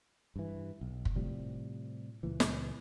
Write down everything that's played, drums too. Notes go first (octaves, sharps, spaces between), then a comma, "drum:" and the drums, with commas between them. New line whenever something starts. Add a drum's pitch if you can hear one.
G2 E3
B1
drum: kick
A2 C3 F3 G3
C#2 A#2 E3
drum: snare